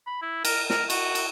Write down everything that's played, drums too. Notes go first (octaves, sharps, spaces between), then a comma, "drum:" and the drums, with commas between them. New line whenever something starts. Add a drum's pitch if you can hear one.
B5
E4
A#4, drum: cymbal
A#4, drum: snare
F#4, drum: cymbal
drum: cymbal